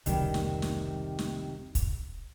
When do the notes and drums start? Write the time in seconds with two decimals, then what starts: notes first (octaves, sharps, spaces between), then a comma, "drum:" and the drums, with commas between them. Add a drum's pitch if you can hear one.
0.06 F1 C#2 C3 D#3 G3, drum: hi-hat
0.34 drum: snare
0.62 drum: snare
1.19 drum: snare
1.75 drum: kick, hi-hat